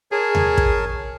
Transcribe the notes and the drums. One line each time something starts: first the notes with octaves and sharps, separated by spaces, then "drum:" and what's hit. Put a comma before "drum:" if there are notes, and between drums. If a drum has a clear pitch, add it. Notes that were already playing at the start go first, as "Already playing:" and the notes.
G#4 A#4 C#5 A5
drum: tom D#2
drum: kick